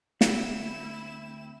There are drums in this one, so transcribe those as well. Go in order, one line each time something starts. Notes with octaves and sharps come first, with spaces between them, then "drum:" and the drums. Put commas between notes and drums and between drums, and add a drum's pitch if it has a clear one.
D2 C4 E4 E7, drum: snare